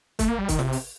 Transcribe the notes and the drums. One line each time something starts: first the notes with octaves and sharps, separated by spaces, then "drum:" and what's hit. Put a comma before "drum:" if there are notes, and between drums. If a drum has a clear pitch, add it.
A3, drum: kick, hi-hat
A#3
G3
D#3, drum: kick, hi-hat
C3, drum: snare
drum: open hi-hat